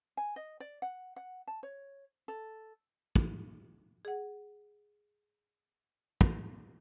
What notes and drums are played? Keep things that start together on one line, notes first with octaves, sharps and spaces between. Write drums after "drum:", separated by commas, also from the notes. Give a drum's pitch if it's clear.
G#5
D#5
D5
F#5
F#5
A5
C#5
A4
drum: kick
G#4 F#5
drum: kick